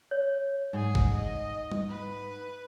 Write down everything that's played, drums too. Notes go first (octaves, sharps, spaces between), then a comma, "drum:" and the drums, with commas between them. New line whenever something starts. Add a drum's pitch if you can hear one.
C#5
G#2 G#4
drum: kick G#1
D#5
drum: tom
B4